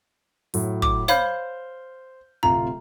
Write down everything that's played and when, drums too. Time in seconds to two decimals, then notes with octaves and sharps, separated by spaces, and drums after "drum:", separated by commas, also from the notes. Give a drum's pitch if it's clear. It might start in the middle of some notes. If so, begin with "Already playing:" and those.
0.54 A2 F#3, drum: open hi-hat
0.82 D6, drum: kick
1.08 C5 C#5 F5 B5 F6 G6, drum: snare
2.43 D1 C3 F4 A#5